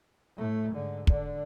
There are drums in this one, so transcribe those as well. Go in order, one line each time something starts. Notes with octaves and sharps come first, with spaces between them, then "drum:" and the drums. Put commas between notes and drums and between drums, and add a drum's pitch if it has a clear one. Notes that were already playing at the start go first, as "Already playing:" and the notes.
A2 A3
G#2 D3
D3 D4, drum: kick